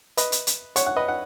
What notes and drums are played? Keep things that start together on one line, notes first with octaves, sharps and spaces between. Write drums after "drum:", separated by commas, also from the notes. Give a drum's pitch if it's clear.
B4 D#5, drum: hi-hat
drum: hi-hat
drum: hi-hat
C#5 F#5, drum: hi-hat
F#5
B4 D#5
F#5